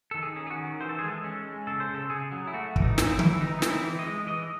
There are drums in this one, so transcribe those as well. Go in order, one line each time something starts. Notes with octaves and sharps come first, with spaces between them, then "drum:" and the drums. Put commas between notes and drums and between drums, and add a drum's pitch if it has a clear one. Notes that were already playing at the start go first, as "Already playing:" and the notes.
D#3 A4
G#4
C#4
G#4
F#4
D#3
E3 C5
A4
G#3 G#4
A4
C#4
G#3
C#3 A4
C5
C#3
A4
C#3 G#4
F#3
E4
A3 F#4
E3, drum: kick
D#4
C4, drum: snare
E4
E3, drum: tom D3
E3 D#4
D#4
C4, drum: snare
E4
E3
D#5
G#3
E3 D#5